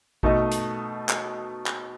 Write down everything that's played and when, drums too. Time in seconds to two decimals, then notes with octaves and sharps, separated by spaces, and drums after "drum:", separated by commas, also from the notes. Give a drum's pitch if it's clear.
0.23 B2 A3 D#4 A4 D#5, drum: kick A1
0.52 drum: hi-hat
1.09 drum: clap
1.66 drum: clap